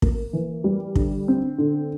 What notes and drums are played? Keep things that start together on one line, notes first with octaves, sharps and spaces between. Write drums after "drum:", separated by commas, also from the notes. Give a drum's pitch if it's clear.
A#3, drum: kick
E3
G3
D3, drum: kick
C4
D3